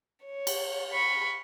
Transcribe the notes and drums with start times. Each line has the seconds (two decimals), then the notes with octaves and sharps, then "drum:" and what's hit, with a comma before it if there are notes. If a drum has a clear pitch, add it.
0.25 C#5
0.47 drum: cymbal
0.93 B5 C#6